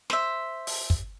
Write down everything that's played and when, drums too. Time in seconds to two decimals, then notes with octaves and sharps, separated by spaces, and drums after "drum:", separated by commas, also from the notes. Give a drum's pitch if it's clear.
0.10 C5 E5, drum: snare
0.67 drum: open hi-hat
0.90 drum: kick